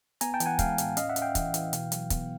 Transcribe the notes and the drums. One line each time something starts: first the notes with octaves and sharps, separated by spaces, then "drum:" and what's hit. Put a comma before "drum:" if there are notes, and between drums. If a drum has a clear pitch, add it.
B3 G#5 A#5, drum: hi-hat
G5 A5
E3, drum: hi-hat
F#5 G#5
G#3 F5 G5, drum: kick, hi-hat
A2, drum: hi-hat
C#4 D#5 F5, drum: hi-hat
E5 F#5
C#4, drum: hi-hat
F5 G5
E3, drum: kick, hi-hat
E3, drum: hi-hat
B2, drum: hi-hat
F#3, drum: hi-hat
B3, drum: kick, hi-hat